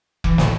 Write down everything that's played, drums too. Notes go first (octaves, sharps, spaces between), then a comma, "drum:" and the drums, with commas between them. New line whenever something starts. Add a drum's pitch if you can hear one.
E3, drum: kick F1
A2, drum: snare